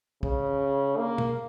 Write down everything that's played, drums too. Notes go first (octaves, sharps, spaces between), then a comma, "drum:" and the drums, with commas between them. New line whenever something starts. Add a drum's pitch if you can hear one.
C#3, drum: kick
A#3
drum: tom